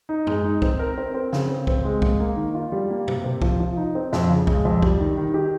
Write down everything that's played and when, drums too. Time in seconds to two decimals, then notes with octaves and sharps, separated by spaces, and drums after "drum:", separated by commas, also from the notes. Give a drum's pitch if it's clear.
0.09 D#4
0.27 G#3, drum: tom F#2
0.44 D#4
0.62 C4, drum: kick
0.79 A#4
0.98 C4
1.14 C4
1.33 C#3, drum: snare
1.49 C4
1.67 C4, drum: kick
1.85 G#3
2.02 A#3, drum: kick
2.20 A#3
2.37 D#3
2.55 F4
2.72 G3
2.90 A#3
3.08 C3, drum: tom
3.24 C3
3.42 F3, drum: kick
3.60 F3
3.77 D#4
3.95 C4
4.13 F2, drum: snare
4.30 C#3
4.47 G#3, drum: kick
4.65 F2
4.82 G3, drum: kick
5.00 D#3
5.17 D#3
5.34 G4